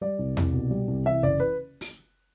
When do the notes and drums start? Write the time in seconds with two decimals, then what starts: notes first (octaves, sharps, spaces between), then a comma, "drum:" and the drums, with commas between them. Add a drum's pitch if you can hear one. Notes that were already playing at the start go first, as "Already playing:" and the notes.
0.01 G3 D5
0.19 C2
0.37 C2, drum: tom E2
0.53 B2
0.71 G3
0.88 C2
1.06 E3 E5
1.23 F#1 D5
1.40 B4
1.81 drum: open hi-hat